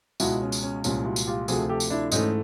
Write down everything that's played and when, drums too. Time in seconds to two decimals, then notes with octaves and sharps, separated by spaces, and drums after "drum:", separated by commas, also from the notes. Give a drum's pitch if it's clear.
0.20 C#2 B2 G#3 E4 F#4, drum: tambourine
0.42 C#4
0.52 drum: tambourine
0.63 C#4
0.84 C2 A#2 F3 G#3 C#4, drum: tambourine
1.05 E4 F#4
1.16 drum: tambourine
1.27 F4 G4
1.48 D2 C3 F3 A3 F#4 G#4, drum: tambourine
1.69 G4 A4
1.80 drum: tambourine
1.90 D4 E4
2.12 G#2 E3 A3 C#4 D#4, drum: tambourine